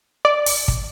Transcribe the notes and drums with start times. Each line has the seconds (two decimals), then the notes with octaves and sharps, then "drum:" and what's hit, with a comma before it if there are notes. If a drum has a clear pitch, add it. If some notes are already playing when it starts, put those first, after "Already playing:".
0.25 D5
0.46 drum: open hi-hat
0.68 drum: kick